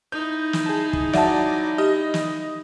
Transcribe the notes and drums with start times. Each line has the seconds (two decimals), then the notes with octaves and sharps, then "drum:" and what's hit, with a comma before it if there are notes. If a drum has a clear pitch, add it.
0.12 D#4 E4 G6
0.53 drum: snare
0.66 G#4 A5
0.93 drum: kick
1.13 F#3 D5 E5 F#5 A5, drum: snare
1.78 G4 D#5
2.14 drum: snare